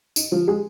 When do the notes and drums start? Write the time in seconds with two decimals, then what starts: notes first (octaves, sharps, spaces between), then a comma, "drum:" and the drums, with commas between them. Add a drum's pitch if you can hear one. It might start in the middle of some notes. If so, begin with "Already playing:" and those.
0.16 D#4, drum: tambourine
0.32 F3 F4
0.47 G#3 G#4